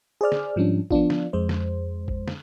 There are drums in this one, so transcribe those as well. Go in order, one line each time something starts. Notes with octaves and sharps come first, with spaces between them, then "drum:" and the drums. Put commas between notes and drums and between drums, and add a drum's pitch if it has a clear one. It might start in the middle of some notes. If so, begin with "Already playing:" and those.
G#4 C5 D5 F6
drum: snare
G#2 F3 G3 C#4 D4
F3 B3 D4 F4, drum: kick G#1
drum: snare
F2 G#3 C5
drum: snare
drum: kick G#1
drum: snare